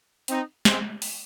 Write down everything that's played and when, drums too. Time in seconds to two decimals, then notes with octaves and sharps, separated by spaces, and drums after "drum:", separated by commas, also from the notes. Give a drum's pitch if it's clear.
0.28 C4 D#4, drum: hi-hat
0.65 G#3 C4, drum: snare
1.02 drum: open hi-hat